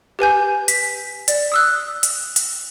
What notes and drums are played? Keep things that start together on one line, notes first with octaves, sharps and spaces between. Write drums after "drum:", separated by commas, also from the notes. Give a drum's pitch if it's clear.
G4 B4 G#5 G6
B6, drum: hi-hat
D5, drum: hi-hat
D#6 E6 F#6
drum: hi-hat
drum: hi-hat